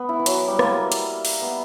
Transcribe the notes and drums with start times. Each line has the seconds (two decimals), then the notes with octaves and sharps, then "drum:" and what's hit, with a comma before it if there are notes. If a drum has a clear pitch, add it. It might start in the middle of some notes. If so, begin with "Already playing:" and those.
Already playing: B3
0.09 E4
0.19 E3
0.26 F#3, drum: hi-hat
0.48 G3
0.59 A#3, drum: rim click
0.92 drum: hi-hat
1.25 drum: open hi-hat
1.42 B3